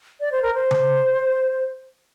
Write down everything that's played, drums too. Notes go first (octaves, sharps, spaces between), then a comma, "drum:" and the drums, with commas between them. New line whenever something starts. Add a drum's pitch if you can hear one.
D5
C5
A#4
C5
drum: tom C#3